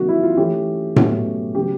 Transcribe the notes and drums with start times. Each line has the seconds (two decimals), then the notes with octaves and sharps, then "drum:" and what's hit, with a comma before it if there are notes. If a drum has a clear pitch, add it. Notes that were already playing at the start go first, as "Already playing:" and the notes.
Already playing: C3 D#3 F#3 A#3 F#4
0.08 E4
0.23 F4
0.37 E3 A3 C#4 G4
0.96 B2 F#3 A3 C#4, drum: tom A2
1.55 C#3 F#3 B3 G4